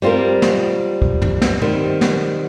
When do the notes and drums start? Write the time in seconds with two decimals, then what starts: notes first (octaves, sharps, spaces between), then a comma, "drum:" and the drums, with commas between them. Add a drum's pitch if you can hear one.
0.02 G3 C4 F4 A#4
0.42 drum: snare
1.02 drum: kick
1.22 drum: tom
1.42 drum: snare
1.62 D#3 G3 C4
2.01 drum: snare